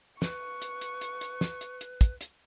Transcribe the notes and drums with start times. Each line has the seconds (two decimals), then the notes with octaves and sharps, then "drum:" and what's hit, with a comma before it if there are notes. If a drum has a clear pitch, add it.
0.22 B4 C#6, drum: snare
0.62 drum: hi-hat
0.81 drum: hi-hat
1.01 drum: hi-hat
1.21 drum: hi-hat
1.41 drum: snare
1.61 drum: hi-hat
1.81 drum: hi-hat
2.01 drum: kick, hi-hat
2.21 drum: hi-hat